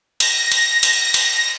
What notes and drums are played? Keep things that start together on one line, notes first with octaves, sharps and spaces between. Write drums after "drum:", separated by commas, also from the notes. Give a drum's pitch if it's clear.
A#6, drum: cymbal
drum: cymbal
drum: cymbal
drum: cymbal